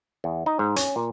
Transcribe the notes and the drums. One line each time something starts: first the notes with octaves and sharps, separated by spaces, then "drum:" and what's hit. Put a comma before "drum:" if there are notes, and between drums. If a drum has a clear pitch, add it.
E2
D#4
G#2
C#4, drum: hi-hat
A#2